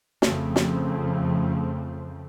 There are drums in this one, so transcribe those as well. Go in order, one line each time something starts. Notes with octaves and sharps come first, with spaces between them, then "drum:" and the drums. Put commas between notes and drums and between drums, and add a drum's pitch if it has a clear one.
F2 C#3 F3 A3 C4, drum: snare
drum: snare